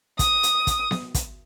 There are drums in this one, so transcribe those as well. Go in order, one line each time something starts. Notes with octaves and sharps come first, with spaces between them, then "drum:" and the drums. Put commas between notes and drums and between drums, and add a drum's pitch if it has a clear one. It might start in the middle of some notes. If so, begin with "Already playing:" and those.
D#6, drum: kick, hi-hat
drum: hi-hat
drum: kick, hi-hat
drum: snare B3
drum: kick, hi-hat